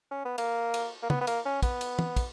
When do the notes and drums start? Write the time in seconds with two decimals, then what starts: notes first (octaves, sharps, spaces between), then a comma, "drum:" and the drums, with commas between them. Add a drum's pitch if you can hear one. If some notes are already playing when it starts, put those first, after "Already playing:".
0.11 C#4
0.25 B3
0.38 A#3, drum: cymbal
0.74 drum: cymbal
1.02 A#3
1.10 B3, drum: tom
1.21 B3
1.27 A#3, drum: cymbal
1.45 C#4
1.63 B3, drum: kick, cymbal
1.81 drum: cymbal
1.99 drum: tom
2.16 drum: kick, cymbal